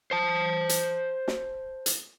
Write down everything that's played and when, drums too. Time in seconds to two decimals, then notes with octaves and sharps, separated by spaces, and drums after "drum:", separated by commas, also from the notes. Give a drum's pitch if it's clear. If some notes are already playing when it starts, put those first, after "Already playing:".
0.11 C5 A5
0.69 drum: hi-hat
1.28 drum: snare
1.86 drum: hi-hat